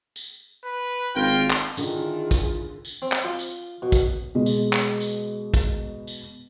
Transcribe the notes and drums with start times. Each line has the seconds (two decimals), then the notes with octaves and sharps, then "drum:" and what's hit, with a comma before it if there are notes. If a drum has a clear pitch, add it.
0.16 drum: tambourine
0.64 B4
1.15 G#1 F4 A#4 G5
1.50 drum: clap
1.77 D3 D#3 E4 F4 G#4, drum: tambourine
2.31 drum: kick, tambourine
2.85 drum: tambourine
3.02 C4
3.12 drum: clap
3.24 F4
3.39 drum: tambourine
3.82 B2
3.92 drum: kick, tambourine
4.35 B2 G#3
4.46 drum: tambourine
4.73 drum: clap
5.00 drum: tambourine
5.54 drum: kick, tambourine
6.07 drum: tambourine